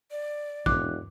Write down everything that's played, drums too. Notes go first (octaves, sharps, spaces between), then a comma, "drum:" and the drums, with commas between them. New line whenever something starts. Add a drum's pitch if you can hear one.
D5
E1 D6 F#6, drum: kick